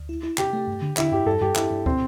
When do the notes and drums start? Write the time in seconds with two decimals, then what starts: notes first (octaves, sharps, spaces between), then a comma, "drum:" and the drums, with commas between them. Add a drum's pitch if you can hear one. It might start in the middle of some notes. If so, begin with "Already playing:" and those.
Already playing: D2
0.09 E4
0.23 E4
0.38 C3 G4, drum: clap
0.53 A3
0.67 G2
0.82 D3
0.97 D3 E4, drum: clap
1.12 G2 G4
1.26 G2 A4
1.41 G2 G4
1.56 G2 E4, drum: clap
1.71 G2
1.86 C4, drum: kick